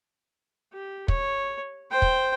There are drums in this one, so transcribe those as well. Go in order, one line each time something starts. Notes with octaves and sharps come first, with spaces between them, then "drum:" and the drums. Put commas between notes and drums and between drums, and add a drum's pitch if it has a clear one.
G4
C#5, drum: kick
C5 G5
drum: kick